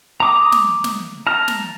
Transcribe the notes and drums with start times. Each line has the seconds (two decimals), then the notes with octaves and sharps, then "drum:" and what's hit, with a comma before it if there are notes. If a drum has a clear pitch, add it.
0.20 A#5 D6 D#6
0.52 drum: snare
0.84 drum: snare
1.27 A5 A#5 F6
1.48 drum: snare